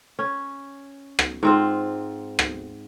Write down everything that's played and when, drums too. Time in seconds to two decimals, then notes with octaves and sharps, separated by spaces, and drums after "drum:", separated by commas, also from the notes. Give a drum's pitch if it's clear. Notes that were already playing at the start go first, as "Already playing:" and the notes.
0.19 C#4
1.19 drum: rim click
1.43 G#2 C4 F4
2.39 drum: rim click